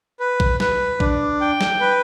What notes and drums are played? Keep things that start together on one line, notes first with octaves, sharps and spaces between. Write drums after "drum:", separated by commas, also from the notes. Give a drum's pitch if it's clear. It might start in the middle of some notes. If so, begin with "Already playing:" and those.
B4
drum: kick A#1
B4, drum: snare
D4, drum: kick A#1
G5
drum: snare
B4